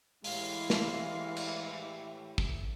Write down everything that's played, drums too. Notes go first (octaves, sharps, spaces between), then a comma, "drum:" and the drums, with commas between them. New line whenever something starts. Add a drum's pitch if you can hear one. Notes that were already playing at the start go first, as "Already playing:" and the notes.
A2 E3 G#3 G4 F5, drum: open hi-hat
drum: snare
drum: cymbal
drum: kick